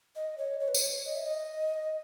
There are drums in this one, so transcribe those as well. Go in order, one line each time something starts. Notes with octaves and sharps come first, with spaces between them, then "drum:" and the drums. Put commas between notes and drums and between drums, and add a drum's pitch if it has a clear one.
D#5
C#5
C#5
B4
C#5, drum: tambourine
D#5
E5
D#5